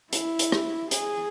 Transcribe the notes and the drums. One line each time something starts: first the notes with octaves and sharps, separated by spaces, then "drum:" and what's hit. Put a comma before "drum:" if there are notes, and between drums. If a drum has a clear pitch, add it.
E4, drum: hi-hat
drum: hi-hat
drum: rim click
G#4, drum: hi-hat